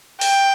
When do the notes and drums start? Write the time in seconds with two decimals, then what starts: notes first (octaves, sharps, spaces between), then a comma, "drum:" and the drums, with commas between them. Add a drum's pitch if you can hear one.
0.21 G5, drum: open hi-hat